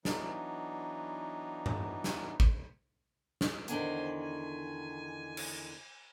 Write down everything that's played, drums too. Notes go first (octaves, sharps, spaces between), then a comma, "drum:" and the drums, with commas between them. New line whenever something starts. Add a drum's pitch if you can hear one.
E3 F#3 B3 D4 D#4, drum: snare
drum: tom G2
drum: snare
drum: kick
drum: snare
E2 D3 D#3 C5 G#5, drum: hi-hat
G#5
drum: cymbal